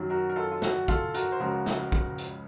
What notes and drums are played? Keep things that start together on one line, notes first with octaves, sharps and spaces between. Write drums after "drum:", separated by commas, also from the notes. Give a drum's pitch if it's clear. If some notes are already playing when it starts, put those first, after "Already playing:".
Already playing: F#2 D#3 F#3
F#4 A#4
A#4
F4 A4
F4
F#4, drum: snare
F4 A4, drum: kick
F#4 A#4, drum: hi-hat
C5
C#2 C#3 F3 F#4 A#4
drum: snare
drum: kick
drum: hi-hat